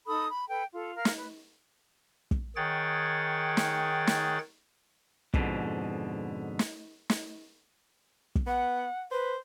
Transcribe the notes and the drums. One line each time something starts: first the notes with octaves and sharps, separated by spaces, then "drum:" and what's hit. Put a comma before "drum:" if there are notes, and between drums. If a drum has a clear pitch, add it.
D#4 A4 B5 D#6
B5
A4 B4 G5
F4 A4
A#4 F5 F6
drum: snare
B4
drum: kick
D#3 G#4 C#5 F#5 G5 A6
drum: snare
drum: snare
F2 G#2 B2 D3, drum: kick
drum: snare
drum: snare
drum: kick
B3 F#5
B4 C5